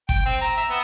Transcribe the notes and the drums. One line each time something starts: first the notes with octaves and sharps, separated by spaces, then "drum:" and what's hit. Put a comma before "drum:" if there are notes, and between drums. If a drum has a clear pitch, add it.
G5, drum: kick G1
C4
A#5
E5
B3